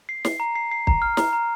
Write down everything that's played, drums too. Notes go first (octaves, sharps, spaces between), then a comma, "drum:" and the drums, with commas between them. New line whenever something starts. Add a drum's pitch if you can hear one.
C7
C7, drum: snare
A#5
C7
C7
A#5, drum: kick
F6
A#5, drum: snare
A#5